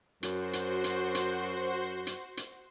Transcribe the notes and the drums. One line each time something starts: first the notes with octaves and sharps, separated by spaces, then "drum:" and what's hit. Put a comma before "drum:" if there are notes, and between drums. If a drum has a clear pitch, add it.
F#2 F#4 C5 C6, drum: hi-hat
drum: hi-hat
drum: hi-hat
drum: hi-hat
drum: hi-hat
drum: hi-hat